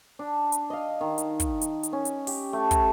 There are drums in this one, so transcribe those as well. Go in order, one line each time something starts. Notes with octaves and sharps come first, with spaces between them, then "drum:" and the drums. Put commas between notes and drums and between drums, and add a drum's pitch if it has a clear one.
D4
drum: hi-hat
D#5 F5
D#3
drum: hi-hat
drum: kick, hi-hat
drum: hi-hat
drum: hi-hat
C#4
drum: hi-hat
G4, drum: open hi-hat
A3
drum: kick, hi-hat